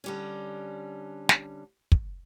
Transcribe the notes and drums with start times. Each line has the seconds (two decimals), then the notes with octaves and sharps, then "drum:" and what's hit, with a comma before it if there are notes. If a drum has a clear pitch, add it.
0.04 D3 G3 C#4
1.29 drum: snare
1.92 drum: kick